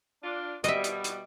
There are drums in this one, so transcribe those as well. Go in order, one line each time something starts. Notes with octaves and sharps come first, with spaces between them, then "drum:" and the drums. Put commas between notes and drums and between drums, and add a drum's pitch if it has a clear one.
D4 F4
B2 G3 D#5 E5, drum: hi-hat
drum: hi-hat
drum: hi-hat